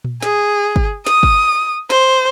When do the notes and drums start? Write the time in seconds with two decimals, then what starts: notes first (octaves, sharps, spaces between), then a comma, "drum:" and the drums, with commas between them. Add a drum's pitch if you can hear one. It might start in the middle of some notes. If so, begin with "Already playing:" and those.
0.04 drum: tom A#2
0.22 G#4, drum: snare
0.76 drum: kick
1.06 D#6, drum: snare
1.23 drum: kick
1.90 C5, drum: snare